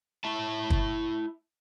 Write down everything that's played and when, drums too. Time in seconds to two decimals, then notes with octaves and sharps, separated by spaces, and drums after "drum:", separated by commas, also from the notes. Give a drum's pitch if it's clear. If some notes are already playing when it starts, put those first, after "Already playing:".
0.24 E4 E5 A5
0.70 drum: kick